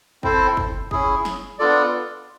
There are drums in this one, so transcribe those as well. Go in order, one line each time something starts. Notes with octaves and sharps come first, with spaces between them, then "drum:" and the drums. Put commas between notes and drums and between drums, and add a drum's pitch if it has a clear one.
C4 E4 A4 C5, drum: kick
drum: kick
C#4 E4 G#4, drum: kick
drum: snare
B3 D4 F4 A4 D5